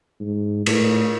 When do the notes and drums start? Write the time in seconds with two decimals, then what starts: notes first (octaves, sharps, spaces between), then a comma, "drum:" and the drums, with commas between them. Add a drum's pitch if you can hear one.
0.20 G#2
0.66 A2, drum: cymbal